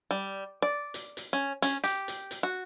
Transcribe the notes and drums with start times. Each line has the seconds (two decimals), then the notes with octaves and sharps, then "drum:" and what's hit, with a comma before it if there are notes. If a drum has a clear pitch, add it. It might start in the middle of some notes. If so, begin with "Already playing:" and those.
0.11 G3
0.62 D5
0.94 drum: hi-hat
1.17 drum: hi-hat
1.33 C#4
1.62 C#4, drum: hi-hat
1.84 G4, drum: hi-hat
2.08 drum: hi-hat
2.31 drum: hi-hat
2.43 F#4